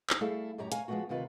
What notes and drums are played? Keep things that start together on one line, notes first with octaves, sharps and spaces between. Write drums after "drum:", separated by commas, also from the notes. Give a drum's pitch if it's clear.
drum: clap
G3 A3 E4 G#4 A4 F5
F#2 A2 G4 C#5 A#5
C#5 F5 G#5 A#5, drum: hi-hat
F3 G#3 A3 B3 C4 F#4
D2 C3 D#3 F4 B4